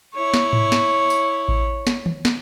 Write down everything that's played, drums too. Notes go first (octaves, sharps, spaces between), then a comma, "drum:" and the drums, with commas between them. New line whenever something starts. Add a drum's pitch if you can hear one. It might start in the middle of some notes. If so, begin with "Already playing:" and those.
E4 C#5
drum: snare
drum: tom G#2
drum: snare
drum: tambourine
drum: kick A1
drum: snare
drum: tom D#3
drum: snare